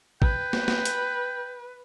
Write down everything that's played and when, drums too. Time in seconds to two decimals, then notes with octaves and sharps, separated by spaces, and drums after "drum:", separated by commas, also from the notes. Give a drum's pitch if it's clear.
0.22 B4 G5, drum: kick
0.53 drum: snare
0.68 drum: snare
0.85 drum: hi-hat